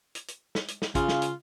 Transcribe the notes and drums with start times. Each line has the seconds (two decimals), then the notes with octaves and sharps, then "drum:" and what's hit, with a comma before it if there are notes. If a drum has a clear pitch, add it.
0.15 drum: hi-hat
0.28 drum: hi-hat
0.55 drum: snare
0.68 drum: hi-hat
0.82 drum: snare
0.95 C#3 F4, drum: kick, hi-hat
1.08 drum: snare
1.22 drum: hi-hat